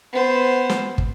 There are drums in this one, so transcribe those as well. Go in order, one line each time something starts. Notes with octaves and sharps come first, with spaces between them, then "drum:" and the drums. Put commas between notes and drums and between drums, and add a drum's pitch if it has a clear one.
B3 C5
drum: snare
drum: kick